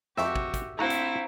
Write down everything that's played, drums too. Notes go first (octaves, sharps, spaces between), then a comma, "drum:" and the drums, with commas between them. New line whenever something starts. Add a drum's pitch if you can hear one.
F2 C4 F#4 G4 E5 C#6, drum: snare
drum: kick
drum: kick, hi-hat
A3 C4 E4 F#4 C5 F5 A#5
drum: hi-hat